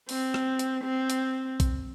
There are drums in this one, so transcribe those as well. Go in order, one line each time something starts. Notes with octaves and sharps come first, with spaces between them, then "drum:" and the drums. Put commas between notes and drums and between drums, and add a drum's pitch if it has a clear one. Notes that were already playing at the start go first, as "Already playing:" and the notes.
C4, drum: open hi-hat
drum: rim click
drum: hi-hat
C4
drum: hi-hat
drum: kick A#1, hi-hat